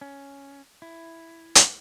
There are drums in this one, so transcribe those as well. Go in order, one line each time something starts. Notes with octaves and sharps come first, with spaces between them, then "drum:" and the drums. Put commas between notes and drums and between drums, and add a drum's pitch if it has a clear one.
C#4
E4
drum: hi-hat